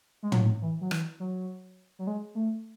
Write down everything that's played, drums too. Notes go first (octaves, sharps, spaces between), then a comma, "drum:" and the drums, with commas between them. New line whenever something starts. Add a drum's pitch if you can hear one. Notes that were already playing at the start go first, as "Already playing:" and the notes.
G#3
F#3, drum: tom
E3
F#3
E3, drum: rim click
F#3
F#3
G#3
A3